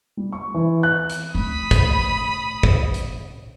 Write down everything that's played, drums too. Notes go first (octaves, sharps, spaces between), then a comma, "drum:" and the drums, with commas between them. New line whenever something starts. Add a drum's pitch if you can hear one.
G3
C#6
E3
F#6
drum: hi-hat
A3 B5 D#6
drum: kick, hi-hat
drum: kick
drum: hi-hat